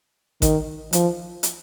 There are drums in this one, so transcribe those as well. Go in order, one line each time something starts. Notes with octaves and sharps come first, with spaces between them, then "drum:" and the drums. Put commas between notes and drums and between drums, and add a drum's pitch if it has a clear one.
D#3, drum: kick A1, hi-hat
F3, drum: hi-hat
drum: hi-hat